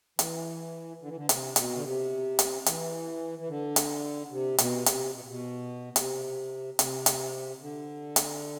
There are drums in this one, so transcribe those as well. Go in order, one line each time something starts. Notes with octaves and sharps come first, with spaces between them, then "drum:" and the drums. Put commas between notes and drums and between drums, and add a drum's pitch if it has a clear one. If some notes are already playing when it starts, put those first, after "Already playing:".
E3, drum: hi-hat
D3
E3
D3
C3, drum: hi-hat
B2, drum: hi-hat
D3
C3
drum: hi-hat
E3, drum: hi-hat
E3
D3
drum: hi-hat
C3
B2, drum: hi-hat
C3, drum: hi-hat
B2
B2
C3, drum: hi-hat
C3, drum: hi-hat
drum: hi-hat
D3
drum: hi-hat